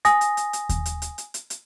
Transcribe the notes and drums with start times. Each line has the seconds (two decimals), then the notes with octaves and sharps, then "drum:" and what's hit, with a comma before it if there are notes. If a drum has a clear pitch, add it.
0.05 G#5 D#6 A#6, drum: hi-hat
0.21 drum: hi-hat
0.37 drum: hi-hat
0.53 drum: hi-hat
0.69 drum: kick D#2, hi-hat
0.86 drum: hi-hat
1.02 drum: hi-hat
1.18 drum: hi-hat
1.34 drum: hi-hat
1.50 drum: hi-hat